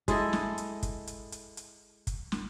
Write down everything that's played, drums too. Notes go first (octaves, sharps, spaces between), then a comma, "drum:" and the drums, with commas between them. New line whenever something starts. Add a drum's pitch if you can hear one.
G#3 E4 A4 D#5, drum: kick, hi-hat
drum: snare
drum: hi-hat
drum: kick, hi-hat
drum: hi-hat
drum: hi-hat
drum: hi-hat
drum: kick, hi-hat
drum: snare